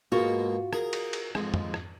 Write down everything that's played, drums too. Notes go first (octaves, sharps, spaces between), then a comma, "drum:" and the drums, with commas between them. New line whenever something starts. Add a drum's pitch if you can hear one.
G#2 B2 A#3 F4 F#4
G#4 A#4, drum: rim click
drum: cymbal
drum: cymbal
F2 G#2, drum: rim click
drum: tom F2
drum: rim click